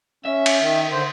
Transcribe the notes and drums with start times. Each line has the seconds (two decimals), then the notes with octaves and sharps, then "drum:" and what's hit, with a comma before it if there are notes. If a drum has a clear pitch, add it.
0.25 C#4 E5
0.46 drum: cymbal
0.60 D#3
0.91 D3 C5